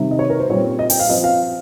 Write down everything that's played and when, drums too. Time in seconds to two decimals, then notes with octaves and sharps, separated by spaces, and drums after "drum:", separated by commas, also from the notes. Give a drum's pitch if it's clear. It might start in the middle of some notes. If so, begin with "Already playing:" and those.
Already playing: C3 D#3 G3
0.11 D#5
0.19 C#5
0.29 A#4
0.40 C5
0.49 A#2 G3 C4 C#5
0.79 D#5
0.90 G5, drum: open hi-hat
1.00 F5
1.09 F3 C4 D#5
1.24 F5